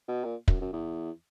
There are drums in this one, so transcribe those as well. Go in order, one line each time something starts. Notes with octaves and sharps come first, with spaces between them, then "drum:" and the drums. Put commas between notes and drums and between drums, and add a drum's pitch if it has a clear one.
B2
A#2
F#2, drum: kick
F#2
E2